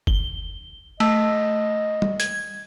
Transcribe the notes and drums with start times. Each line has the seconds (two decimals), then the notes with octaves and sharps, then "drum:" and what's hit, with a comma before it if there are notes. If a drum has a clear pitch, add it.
0.07 G7, drum: kick F#1
1.00 A3 D#5, drum: cymbal
2.02 drum: tom
2.20 G#6, drum: hi-hat